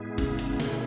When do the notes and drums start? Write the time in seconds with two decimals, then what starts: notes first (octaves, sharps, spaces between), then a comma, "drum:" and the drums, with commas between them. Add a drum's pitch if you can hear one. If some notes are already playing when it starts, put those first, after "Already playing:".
Already playing: A2 G#3 B3 E4 G#4
0.18 C#3, drum: kick F#1, hi-hat
0.39 drum: hi-hat
0.60 B2 A3 C#4 E4, drum: snare